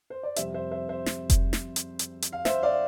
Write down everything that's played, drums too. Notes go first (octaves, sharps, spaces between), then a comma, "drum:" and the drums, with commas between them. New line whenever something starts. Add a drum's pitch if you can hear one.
C5
D5
F2 C3 G3 C5 E5, drum: hi-hat
C5 E5
C5 E5
C5 E5
drum: snare
drum: kick F1, hi-hat
drum: snare
drum: hi-hat
drum: hi-hat
drum: hi-hat
F5
C5 E5, drum: snare
D5 F5